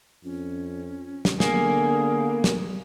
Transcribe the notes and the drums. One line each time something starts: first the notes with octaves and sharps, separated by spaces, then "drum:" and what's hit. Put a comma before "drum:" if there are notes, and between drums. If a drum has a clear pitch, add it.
F2 C#4
drum: snare
D3 A#3 B3 G#4, drum: snare
drum: snare